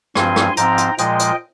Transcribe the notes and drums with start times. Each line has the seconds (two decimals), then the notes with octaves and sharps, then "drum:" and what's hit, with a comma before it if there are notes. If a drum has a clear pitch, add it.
0.15 G2 F3 C4 G#5 C6, drum: rim click
0.36 drum: rim click
0.57 G#2 F3 C4 G5 A#5, drum: hi-hat
0.78 drum: hi-hat
0.98 A#2 F3 G#3 D#5 G5, drum: hi-hat
1.19 drum: hi-hat